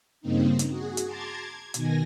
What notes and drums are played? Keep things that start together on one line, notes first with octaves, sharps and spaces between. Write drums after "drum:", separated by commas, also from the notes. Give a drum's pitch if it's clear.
G2 C#3 A#3 C4 D#4
drum: hi-hat
F#4 G#4
drum: hi-hat
A5 A#5 C6 D6 G#6 A6
G#6
B2 D#3 G#5 A#6, drum: hi-hat